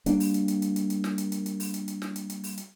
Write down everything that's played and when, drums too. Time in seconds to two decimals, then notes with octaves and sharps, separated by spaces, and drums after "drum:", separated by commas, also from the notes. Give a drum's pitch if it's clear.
0.06 G3 A#3 D4, drum: hi-hat
0.20 drum: open hi-hat
0.34 drum: hi-hat
0.48 drum: hi-hat
0.62 drum: hi-hat
0.76 drum: hi-hat
0.90 drum: hi-hat
1.04 drum: snare
1.18 drum: hi-hat
1.32 drum: hi-hat
1.46 drum: hi-hat
1.60 drum: open hi-hat
1.74 drum: hi-hat
1.88 drum: hi-hat
2.02 drum: snare
2.16 drum: hi-hat
2.30 drum: hi-hat
2.44 drum: open hi-hat
2.58 drum: hi-hat